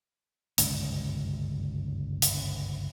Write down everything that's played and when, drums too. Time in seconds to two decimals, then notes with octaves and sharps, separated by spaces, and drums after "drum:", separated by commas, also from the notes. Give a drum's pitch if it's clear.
0.58 G1 C#2 F#2 B2, drum: hi-hat
2.22 drum: hi-hat